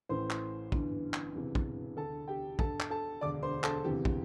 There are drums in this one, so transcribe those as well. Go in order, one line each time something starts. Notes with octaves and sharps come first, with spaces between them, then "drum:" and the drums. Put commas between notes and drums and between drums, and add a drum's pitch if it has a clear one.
A1 A2 E3 C5 C6
drum: clap
G1 G2 E3, drum: kick
drum: clap
E1 D2 C3 E3
drum: kick
D2 D3 A4 A5
G4 G5
D2 D3 A4 A5, drum: kick
drum: clap
A4 A5
E1 D2 D3 D5 D6
C5 C6
A4 A5, drum: clap
E1 D2 C3 E3 G4
drum: kick